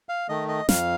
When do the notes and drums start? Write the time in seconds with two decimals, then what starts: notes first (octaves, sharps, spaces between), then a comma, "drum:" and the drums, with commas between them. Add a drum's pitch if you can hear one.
0.09 F5
0.29 D#3 A3 D#5
0.48 D#5
0.69 F2 F5, drum: snare